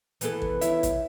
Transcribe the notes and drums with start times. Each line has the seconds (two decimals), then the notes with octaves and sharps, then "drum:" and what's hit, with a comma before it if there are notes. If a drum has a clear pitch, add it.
0.21 E3 B3 A4, drum: hi-hat
0.42 drum: kick
0.61 E4 C#5 E5, drum: hi-hat
0.83 drum: kick, hi-hat